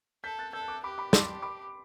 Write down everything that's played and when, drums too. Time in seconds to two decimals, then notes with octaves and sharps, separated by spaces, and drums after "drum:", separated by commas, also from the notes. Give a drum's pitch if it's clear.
0.24 A4 G6 B6
0.39 F#6 A6
0.53 A4 E6 G6
0.68 D6 F#6
0.84 G4 B5 D6
0.98 B5 D6
1.13 A5 C6, drum: snare
1.42 B5 D6